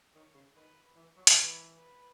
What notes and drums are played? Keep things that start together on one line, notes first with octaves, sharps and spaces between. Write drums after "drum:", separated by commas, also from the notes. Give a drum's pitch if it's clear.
D#3 C#5
C#3
D#3 B4
E3
F#3
drum: hi-hat
E3 B4
B4